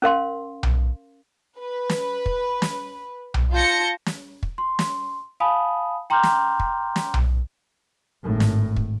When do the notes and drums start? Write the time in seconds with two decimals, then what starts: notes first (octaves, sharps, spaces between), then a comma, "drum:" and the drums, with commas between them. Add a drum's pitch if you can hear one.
0.02 C#4 A#4 F5 C6
0.63 drum: tom B1
1.59 B4
1.90 drum: snare
2.26 drum: kick
2.62 drum: snare
3.34 drum: tom B1
3.52 F4 A5 G6 A#6 C#7
4.06 drum: snare
4.43 drum: kick
4.58 C6
4.79 drum: snare
5.40 F5 G#5 A5 B5 D#6
6.10 G5 A#5 C6 D6 F6 G6
6.23 drum: snare
6.60 drum: kick
6.96 drum: snare
7.14 drum: tom B1
8.23 G#1 A2
8.40 drum: snare
8.76 drum: kick